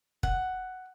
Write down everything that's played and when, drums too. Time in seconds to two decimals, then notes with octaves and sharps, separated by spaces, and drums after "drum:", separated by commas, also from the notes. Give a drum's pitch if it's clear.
0.23 F#5, drum: kick